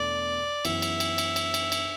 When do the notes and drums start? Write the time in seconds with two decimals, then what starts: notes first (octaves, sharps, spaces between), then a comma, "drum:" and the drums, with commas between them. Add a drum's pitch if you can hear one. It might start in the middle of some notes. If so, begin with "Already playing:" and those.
Already playing: E2 B2 A3 D4 D5
0.65 F#2 E3 B3 E5, drum: cymbal
0.82 drum: cymbal
1.00 drum: cymbal
1.18 drum: cymbal
1.36 drum: cymbal
1.54 drum: cymbal
1.72 drum: cymbal